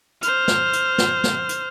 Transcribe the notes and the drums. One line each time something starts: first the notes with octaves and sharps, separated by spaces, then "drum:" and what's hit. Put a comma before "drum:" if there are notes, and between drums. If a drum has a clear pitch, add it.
C5 F6, drum: hi-hat
drum: snare
drum: hi-hat
drum: snare
drum: snare
drum: hi-hat